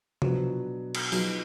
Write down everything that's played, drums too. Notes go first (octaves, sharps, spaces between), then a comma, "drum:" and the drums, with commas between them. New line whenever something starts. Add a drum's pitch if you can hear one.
B2 F3 F#3 B3 D4 F#4, drum: tom C3
drum: cymbal
F3 F#3 B3 D#4 G#4, drum: open hi-hat